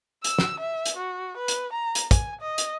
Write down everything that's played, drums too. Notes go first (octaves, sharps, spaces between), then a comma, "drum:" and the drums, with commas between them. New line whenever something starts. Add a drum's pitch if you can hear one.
E6, drum: hi-hat
drum: snare
E5
drum: hi-hat
F#4
B4
drum: hi-hat
A#5
drum: hi-hat
G#5, drum: kick, hi-hat
D#5
drum: hi-hat